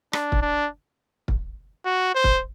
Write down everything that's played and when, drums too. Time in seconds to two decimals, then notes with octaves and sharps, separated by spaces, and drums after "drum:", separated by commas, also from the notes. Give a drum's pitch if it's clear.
0.13 D4, drum: rim click
0.32 drum: kick
0.42 D4
1.28 drum: kick
1.85 F#4
2.15 C5
2.24 drum: kick